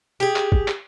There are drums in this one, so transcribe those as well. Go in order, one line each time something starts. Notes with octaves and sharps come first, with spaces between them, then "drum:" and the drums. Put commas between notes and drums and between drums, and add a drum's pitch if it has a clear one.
G4 G#4
drum: clap
drum: kick
drum: clap